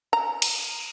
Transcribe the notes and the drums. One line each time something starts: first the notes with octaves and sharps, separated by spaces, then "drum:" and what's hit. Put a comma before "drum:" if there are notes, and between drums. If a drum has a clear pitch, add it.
A#5
drum: cymbal